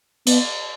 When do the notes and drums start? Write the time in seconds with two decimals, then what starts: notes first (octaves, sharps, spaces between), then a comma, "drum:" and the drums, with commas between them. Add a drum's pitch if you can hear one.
0.26 B3, drum: cymbal